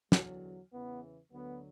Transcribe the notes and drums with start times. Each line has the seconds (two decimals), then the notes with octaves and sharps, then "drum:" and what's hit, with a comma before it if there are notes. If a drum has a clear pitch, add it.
0.12 E2 D3 F#3, drum: snare
0.72 E2 C#3 E3 B3
1.32 D2 D3 F#3 B3